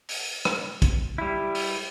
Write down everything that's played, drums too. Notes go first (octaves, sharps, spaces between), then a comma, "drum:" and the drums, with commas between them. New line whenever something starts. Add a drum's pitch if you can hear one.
drum: open hi-hat
drum: rim click
drum: kick, hi-hat
G3 E4
drum: open hi-hat